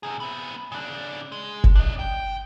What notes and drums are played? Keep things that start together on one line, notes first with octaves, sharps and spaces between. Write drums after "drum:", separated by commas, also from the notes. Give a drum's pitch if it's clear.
C3 G#4
B3 C4
C#3 D4
G#3
drum: kick F#1
D4 D#5
G5